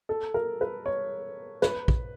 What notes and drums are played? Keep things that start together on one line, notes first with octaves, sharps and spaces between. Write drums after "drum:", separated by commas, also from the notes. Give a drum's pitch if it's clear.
A4
A#4
B4
C#5
B4, drum: snare
drum: kick